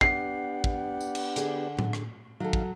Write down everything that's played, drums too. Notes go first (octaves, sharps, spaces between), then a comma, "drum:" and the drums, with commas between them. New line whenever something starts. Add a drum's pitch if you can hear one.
B3 D4 G4 F#5 C7, drum: kick
drum: kick
drum: tambourine
drum: cymbal
D3 G#4, drum: hi-hat
drum: tom A2
drum: rim click
D#3 F#3 A4 F5
drum: kick